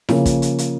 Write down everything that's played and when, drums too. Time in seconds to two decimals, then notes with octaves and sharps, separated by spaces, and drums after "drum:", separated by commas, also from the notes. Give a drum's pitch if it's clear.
0.09 C#3 F3 A#3 C#4, drum: snare E4
0.26 drum: kick, hi-hat
0.42 drum: hi-hat
0.58 drum: hi-hat